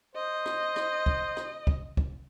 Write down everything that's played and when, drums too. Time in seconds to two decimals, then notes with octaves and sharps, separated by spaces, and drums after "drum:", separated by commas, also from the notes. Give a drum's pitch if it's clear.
0.15 C5 D#5
0.46 drum: rim click
0.76 drum: rim click
1.06 drum: kick
1.37 drum: rim click
1.67 drum: kick
1.97 drum: kick